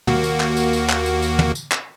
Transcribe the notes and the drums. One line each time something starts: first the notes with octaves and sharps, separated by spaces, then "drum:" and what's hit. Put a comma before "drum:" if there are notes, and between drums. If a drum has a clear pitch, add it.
D#2 A#3 F#4, drum: tom
drum: tambourine
drum: clap
drum: tambourine
drum: tambourine
drum: clap
drum: tambourine
drum: tambourine
drum: tom
drum: tambourine
drum: clap